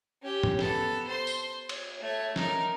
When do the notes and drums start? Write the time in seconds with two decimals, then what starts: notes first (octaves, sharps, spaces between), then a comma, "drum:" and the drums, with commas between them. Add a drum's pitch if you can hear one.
0.23 C#4 G4
0.43 drum: tom
0.59 B3 A4, drum: snare
1.08 C5 C6
1.27 drum: tambourine
1.69 C#5, drum: cymbal
2.00 A3 C#5
2.36 D#4 A#4, drum: snare